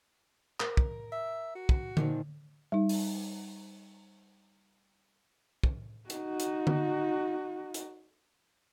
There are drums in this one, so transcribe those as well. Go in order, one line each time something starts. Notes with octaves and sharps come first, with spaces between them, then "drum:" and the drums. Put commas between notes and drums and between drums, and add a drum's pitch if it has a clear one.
A#4, drum: clap
drum: kick
E5
F#4
drum: kick
A#2 D#3 F3, drum: tom D3
G3 D#4
drum: open hi-hat
drum: kick
D#4 F#4, drum: hi-hat
drum: hi-hat
drum: tom D3
drum: hi-hat